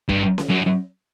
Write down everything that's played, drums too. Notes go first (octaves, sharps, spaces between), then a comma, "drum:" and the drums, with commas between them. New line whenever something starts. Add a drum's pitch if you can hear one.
G2, drum: kick
drum: snare C#4
F#2